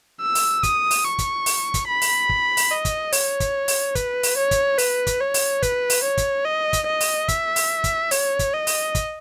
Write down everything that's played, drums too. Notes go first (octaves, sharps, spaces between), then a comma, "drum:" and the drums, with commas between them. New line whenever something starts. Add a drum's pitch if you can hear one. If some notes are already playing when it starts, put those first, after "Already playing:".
E6
drum: open hi-hat
D#6, drum: kick, hi-hat
drum: open hi-hat
C#6
drum: kick, hi-hat
drum: open hi-hat
drum: kick, hi-hat
B5
drum: open hi-hat
drum: kick
drum: open hi-hat
D#5
drum: kick, hi-hat
C#5, drum: open hi-hat
drum: kick, hi-hat
drum: open hi-hat
B4, drum: kick, hi-hat
drum: open hi-hat
C#5
drum: kick, hi-hat
B4, drum: open hi-hat
drum: kick, hi-hat
C#5
drum: open hi-hat
B4, drum: kick, hi-hat
drum: open hi-hat
C#5
drum: kick, hi-hat
D#5
drum: kick, hi-hat
D#5
drum: open hi-hat
E5, drum: kick, hi-hat
drum: open hi-hat
drum: kick, hi-hat
C#5, drum: open hi-hat
drum: kick, hi-hat
D#5
drum: open hi-hat
drum: kick, hi-hat